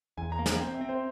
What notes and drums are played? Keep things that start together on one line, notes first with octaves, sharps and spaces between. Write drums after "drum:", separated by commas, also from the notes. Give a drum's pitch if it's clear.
E2 G#5
A#5
A#3
G#5, drum: snare
C4 G5
E5
C4
C5